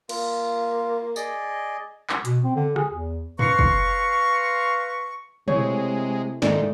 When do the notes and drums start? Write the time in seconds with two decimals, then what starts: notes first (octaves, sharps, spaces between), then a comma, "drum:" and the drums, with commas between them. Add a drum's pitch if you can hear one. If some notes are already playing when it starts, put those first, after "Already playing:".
0.09 A#3 F4, drum: cymbal
1.16 G#4 D5 D#5, drum: tambourine
2.09 drum: clap
2.25 B2, drum: hi-hat
2.44 C4
2.56 D3
2.76 G#4, drum: rim click
2.92 E2
3.39 B4 F5 A#5 C6 C#6, drum: tom F2
3.59 drum: kick
5.48 C3 G#3 A3 E4 C#5, drum: tom B2
6.42 G#2 D#3 G#3 A3 D5, drum: snare